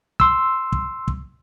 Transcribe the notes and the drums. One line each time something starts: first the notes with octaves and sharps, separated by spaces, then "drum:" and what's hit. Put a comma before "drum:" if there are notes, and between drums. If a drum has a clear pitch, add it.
C6 E6, drum: kick
drum: kick
drum: kick